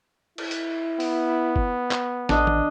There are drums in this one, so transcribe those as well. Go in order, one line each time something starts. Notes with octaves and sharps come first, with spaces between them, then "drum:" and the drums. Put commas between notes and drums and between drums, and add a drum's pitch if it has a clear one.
E4, drum: cymbal
drum: hi-hat
B3, drum: open hi-hat
drum: kick
drum: clap
A1 D4 D#5, drum: snare
drum: tom